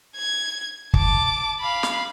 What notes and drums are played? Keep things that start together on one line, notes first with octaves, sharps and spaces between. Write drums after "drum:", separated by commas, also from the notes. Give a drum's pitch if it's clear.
G#6
A5 D6, drum: kick
F5 B5
drum: snare